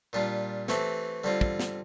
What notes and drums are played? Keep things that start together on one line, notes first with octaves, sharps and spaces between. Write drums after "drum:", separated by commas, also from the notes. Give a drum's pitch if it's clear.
A#2 G3 D4 F4
E3 A3 C4 G4, drum: snare
D3 G3 C4 F4
drum: kick
drum: snare